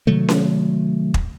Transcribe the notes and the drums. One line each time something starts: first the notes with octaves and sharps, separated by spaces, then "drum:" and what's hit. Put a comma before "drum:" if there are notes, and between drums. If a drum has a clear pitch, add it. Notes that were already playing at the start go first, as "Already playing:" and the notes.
C3 D#3 F#3 A3
drum: snare C#4
drum: kick